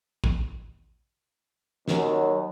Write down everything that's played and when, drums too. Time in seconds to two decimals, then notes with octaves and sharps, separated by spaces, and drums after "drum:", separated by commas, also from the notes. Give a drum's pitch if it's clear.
0.24 drum: kick A1
1.88 D#2 F#3, drum: snare